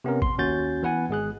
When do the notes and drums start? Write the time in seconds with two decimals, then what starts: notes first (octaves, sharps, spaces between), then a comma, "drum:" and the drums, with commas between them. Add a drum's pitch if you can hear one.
0.04 C3 B3 C#4 A#4
0.22 C6, drum: kick A1
0.38 D#2 C#4 F#4 G6 A6
0.83 E3 B3 B4 F#5 G#5
1.09 G#1 G#3 G#4 F#6